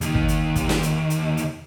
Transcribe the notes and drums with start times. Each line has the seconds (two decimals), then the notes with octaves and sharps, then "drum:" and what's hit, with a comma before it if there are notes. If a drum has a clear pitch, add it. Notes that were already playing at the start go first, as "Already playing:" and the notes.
0.01 D#2 D#3, drum: hi-hat
0.15 drum: kick
0.28 drum: hi-hat
0.56 drum: kick, hi-hat
0.69 drum: snare
0.83 drum: hi-hat
1.10 drum: hi-hat
1.37 drum: hi-hat